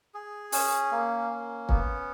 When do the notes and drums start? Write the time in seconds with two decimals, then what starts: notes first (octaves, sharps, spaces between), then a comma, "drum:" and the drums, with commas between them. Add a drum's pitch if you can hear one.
0.14 G#4
0.52 C#4, drum: open hi-hat
0.92 A#3
1.30 C#4
1.69 B3, drum: kick